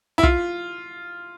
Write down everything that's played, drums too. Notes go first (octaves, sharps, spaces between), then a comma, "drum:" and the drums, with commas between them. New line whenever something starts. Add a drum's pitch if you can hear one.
E4
F4, drum: kick